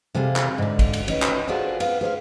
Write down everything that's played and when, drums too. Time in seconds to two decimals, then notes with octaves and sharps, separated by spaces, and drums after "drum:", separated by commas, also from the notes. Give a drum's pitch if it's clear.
0.15 C3 G3 G#4 A4 F5
0.36 drum: clap
0.58 G#2 D3
0.79 drum: kick, cymbal
0.93 drum: cymbal
1.08 C#4 D#4 B4, drum: cymbal
1.22 drum: clap
1.48 F4 F#4 G#4 A4 C5 D5
1.80 B3 F5, drum: cymbal
2.01 G#4 C5 C#5 F5